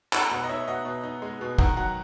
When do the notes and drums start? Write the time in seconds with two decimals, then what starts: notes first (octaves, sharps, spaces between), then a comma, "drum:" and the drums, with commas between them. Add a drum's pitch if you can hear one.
0.13 D#4 F#5 A#5, drum: clap
0.31 B2 F#5 A#5
0.44 D#5
0.49 D#4 C#5 E5
0.68 B2 D#5 F#5
0.85 B2
1.03 D#4
1.22 G#3
1.41 B2
1.58 D#3 F#5 A#5, drum: kick
1.77 F#3 F#5 A#5